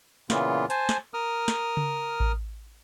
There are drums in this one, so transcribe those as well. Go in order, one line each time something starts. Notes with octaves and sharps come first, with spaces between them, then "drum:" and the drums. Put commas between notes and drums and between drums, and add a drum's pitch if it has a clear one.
A#2 C#3 E3 B3 F4, drum: snare
C5 G#5 A5, drum: hi-hat
drum: snare
A#4 D#6 F6
drum: snare
drum: tom C#3
drum: kick A1